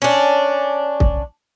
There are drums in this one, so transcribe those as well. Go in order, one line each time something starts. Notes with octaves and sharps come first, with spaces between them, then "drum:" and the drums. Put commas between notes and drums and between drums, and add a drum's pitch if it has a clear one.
C#4 D4
drum: kick